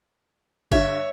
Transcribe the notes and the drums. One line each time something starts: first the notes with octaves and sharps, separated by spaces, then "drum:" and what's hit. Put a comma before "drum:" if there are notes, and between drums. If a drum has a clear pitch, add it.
G2 D3 C#5 E5, drum: kick G#1